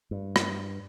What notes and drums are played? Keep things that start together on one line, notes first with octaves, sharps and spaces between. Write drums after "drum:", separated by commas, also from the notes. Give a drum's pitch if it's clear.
G2
drum: rim click